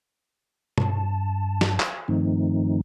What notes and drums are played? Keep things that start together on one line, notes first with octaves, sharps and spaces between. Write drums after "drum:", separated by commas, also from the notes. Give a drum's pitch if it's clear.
G2 A5, drum: tom
drum: snare
drum: clap
G2 D#3 F3 A3 C4 D#4